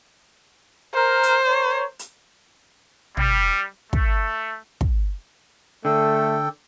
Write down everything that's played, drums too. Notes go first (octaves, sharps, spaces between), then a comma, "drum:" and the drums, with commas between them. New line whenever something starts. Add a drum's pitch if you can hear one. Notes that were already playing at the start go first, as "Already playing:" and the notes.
A#4 C5
drum: hi-hat
A#4 C#5
drum: hi-hat
G3, drum: tom
A3, drum: kick
drum: kick
D3 A3 A4 G5